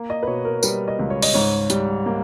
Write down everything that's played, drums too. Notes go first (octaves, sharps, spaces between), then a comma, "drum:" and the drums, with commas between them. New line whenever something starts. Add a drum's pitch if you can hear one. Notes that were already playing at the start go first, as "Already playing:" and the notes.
Already playing: A#3
D#5
B4
B2 C#5
A#4
G3 B4, drum: tambourine
D#5
C#2
C#5
D#5, drum: open hi-hat
G#2 C#5
G3, drum: hi-hat
A#3